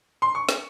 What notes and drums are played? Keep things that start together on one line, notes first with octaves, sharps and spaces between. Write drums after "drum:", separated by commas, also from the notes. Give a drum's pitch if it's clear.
C6
C#6
drum: snare